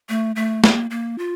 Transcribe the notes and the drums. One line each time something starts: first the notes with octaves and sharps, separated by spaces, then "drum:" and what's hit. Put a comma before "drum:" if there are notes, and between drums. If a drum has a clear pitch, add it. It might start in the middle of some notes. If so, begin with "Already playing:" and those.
A3
A3
A#3, drum: snare
A#3
F4